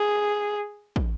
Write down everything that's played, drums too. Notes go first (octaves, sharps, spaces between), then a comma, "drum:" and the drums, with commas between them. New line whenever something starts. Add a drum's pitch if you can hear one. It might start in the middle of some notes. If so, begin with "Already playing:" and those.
Already playing: G#4
drum: kick